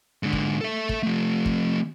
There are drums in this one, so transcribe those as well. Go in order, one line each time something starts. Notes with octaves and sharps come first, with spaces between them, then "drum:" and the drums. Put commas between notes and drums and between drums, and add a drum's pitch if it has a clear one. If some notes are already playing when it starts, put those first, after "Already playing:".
G#2 D3
drum: kick
A4 E5
drum: kick
F3 A3
drum: kick